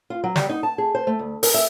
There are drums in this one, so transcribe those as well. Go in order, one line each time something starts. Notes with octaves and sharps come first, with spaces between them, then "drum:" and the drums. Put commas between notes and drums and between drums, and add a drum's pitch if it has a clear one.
F4
F#3
G3, drum: snare
D#4
A5
G#4
C5
A3
D2
A#4, drum: open hi-hat
E5